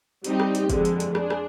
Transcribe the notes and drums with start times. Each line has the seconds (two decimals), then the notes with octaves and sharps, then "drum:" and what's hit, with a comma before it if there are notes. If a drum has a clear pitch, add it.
0.24 G3 C4 D#4 G4, drum: hi-hat
0.40 drum: rim click
0.55 drum: hi-hat
0.70 F2 D3 G#3, drum: kick, hi-hat
0.85 drum: hi-hat
1.00 drum: hi-hat
1.15 G#3 D4 G#4, drum: rim click
1.30 drum: rim click